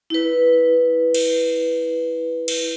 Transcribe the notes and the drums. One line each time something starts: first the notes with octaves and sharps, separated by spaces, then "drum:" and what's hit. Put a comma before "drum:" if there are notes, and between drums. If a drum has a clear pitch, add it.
E4 B4
drum: cymbal
drum: cymbal